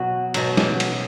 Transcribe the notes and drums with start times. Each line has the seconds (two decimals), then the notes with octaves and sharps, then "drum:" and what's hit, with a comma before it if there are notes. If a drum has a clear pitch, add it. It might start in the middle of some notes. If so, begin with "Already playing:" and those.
Already playing: B2 F#3 F#4
0.34 B2 F#3, drum: cymbal
0.57 drum: snare
0.80 drum: cymbal